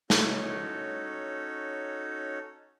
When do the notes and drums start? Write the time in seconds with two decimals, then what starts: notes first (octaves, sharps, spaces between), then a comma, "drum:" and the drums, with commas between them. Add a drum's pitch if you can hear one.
0.10 C#4 D#4 F#4 A4 C#5, drum: snare